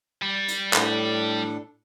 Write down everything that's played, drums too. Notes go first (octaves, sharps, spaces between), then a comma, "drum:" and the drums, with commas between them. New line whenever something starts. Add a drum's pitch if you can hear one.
G3
drum: hi-hat
A2 D4 A4, drum: clap